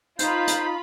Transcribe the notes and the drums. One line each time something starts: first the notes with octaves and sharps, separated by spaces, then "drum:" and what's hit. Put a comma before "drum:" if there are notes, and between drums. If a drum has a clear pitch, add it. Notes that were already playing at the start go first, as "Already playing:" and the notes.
D#4 F4 C5 B5, drum: hi-hat
drum: hi-hat